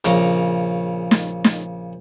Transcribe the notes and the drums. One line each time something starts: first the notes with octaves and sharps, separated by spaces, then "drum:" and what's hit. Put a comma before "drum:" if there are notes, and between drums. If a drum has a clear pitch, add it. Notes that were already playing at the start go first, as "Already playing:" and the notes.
A#1 C#3 A#5, drum: hi-hat
drum: snare
drum: snare